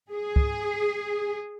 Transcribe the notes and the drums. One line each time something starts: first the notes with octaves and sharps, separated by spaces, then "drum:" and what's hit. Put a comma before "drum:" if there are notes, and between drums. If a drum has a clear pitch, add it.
G#4
drum: kick